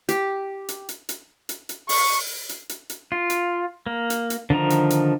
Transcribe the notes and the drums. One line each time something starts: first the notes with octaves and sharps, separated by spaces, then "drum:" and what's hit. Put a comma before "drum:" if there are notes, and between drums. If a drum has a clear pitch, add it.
G4, drum: hi-hat
drum: hi-hat
drum: hi-hat
drum: hi-hat
drum: hi-hat
drum: hi-hat
C#6, drum: open hi-hat
drum: hi-hat
drum: hi-hat
drum: hi-hat
F4
drum: hi-hat
A#3
drum: hi-hat
drum: hi-hat
D3 D#3 F3 A#5
drum: hi-hat
drum: hi-hat